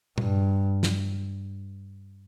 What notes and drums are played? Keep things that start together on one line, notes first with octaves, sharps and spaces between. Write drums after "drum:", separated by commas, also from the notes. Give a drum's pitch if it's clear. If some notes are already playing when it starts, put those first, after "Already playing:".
G2, drum: tom
drum: snare